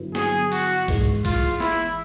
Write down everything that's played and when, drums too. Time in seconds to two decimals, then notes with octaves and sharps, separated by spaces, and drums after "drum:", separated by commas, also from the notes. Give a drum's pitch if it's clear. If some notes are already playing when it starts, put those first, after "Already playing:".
Already playing: G2 D3 F#3 B3 E4
0.15 G#4, drum: snare
0.52 F#4, drum: cymbal
0.88 G#1 G#2 E3 G#3, drum: kick C2, cymbal
1.25 F4, drum: kick C2, cymbal
1.60 E4, drum: snare